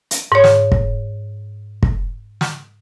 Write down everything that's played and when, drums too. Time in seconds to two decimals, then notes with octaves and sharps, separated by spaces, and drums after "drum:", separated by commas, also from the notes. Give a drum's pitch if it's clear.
0.11 drum: hi-hat
0.32 G#2 C#5
0.44 drum: snare
0.72 drum: kick
1.83 drum: kick
2.41 drum: snare